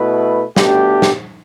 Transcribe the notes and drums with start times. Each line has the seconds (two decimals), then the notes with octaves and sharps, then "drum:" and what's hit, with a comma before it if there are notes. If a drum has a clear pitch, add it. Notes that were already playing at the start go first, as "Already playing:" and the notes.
Already playing: B2 A3 E4 B4
0.56 B2 A3 D4 G4, drum: snare
1.02 drum: snare